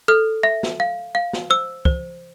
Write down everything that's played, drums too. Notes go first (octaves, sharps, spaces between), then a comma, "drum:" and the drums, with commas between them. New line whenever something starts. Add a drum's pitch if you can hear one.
A4 F6
E5
drum: snare
F5
F5
drum: snare
C5 E6
C5, drum: kick